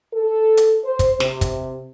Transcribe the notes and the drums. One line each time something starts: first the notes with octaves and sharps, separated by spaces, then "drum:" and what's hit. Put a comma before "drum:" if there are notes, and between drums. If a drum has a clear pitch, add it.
A4
drum: hi-hat
C5
drum: kick, hi-hat
C3, drum: snare
drum: kick, hi-hat